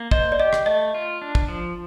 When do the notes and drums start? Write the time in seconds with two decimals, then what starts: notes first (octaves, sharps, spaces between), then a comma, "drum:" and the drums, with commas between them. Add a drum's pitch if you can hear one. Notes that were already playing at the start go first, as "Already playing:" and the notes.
Already playing: A#3
0.11 C5 D#5, drum: kick
0.32 D5
0.39 G4 D#5
0.53 drum: rim click
0.66 A3 D#5
0.94 F4
1.22 D4
1.35 drum: kick
1.48 F3